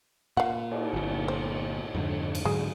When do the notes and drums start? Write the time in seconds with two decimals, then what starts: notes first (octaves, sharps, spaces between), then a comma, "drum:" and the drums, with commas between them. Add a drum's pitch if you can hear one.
0.37 A#2 F5 F#5
0.71 drum: cymbal
0.93 G1 A#2
1.28 C5
1.95 F2 G#2 D3
2.35 drum: cymbal
2.45 G#2 D3 F#3 G#4